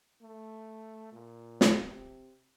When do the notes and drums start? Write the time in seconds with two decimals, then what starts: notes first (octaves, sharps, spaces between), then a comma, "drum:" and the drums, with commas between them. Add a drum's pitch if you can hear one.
0.21 A3
1.12 A#2
1.61 drum: snare
1.82 C3